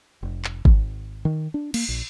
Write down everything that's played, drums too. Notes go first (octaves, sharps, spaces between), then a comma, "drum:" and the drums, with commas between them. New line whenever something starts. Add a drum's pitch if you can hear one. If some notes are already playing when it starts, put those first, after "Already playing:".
F1
drum: clap
G#1, drum: kick
D#3
D4
A#3, drum: cymbal
A#1